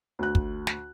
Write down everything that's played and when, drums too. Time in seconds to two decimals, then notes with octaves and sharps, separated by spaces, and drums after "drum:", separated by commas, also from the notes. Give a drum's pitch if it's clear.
0.19 D2 F#6
0.35 drum: kick
0.67 drum: snare